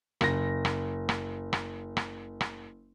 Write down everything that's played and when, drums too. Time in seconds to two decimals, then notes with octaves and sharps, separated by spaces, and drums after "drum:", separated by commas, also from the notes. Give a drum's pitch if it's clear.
0.21 F#1 A#6, drum: rim click
0.65 drum: rim click
1.09 drum: rim click
1.53 drum: rim click
1.97 drum: rim click
2.41 drum: rim click